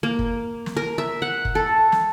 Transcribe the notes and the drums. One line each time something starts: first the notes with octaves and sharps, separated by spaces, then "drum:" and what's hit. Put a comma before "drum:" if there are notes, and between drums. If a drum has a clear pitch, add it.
A#3
drum: kick
drum: snare
A#4
E5
F#5
drum: kick
A4
drum: snare